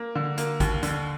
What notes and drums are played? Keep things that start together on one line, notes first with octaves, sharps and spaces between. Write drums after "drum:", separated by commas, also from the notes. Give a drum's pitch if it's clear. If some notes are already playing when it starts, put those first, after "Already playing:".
Already playing: A#3
D3
A#3, drum: hi-hat
D#2, drum: kick, hi-hat
D3, drum: hi-hat